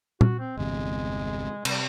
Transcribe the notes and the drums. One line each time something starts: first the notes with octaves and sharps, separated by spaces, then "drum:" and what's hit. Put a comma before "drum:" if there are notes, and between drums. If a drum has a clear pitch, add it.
F#4, drum: tom
C4
G1 E2 C3 G#3
C3 G3, drum: cymbal